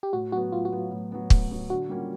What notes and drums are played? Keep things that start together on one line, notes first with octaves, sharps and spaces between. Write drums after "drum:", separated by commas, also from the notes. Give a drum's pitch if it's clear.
G4
A2 F#4
F#3 B3 F#4
A2 F4
F#4
F#3 B3
A2
F#3 B3
A2, drum: kick
F#3 B3
D3 F#4
G3 A#3 C#4 F4